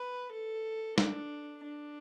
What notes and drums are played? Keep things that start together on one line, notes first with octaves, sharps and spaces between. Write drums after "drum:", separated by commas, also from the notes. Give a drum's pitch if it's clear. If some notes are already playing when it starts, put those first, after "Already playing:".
Already playing: B4
A4
D4, drum: snare
D4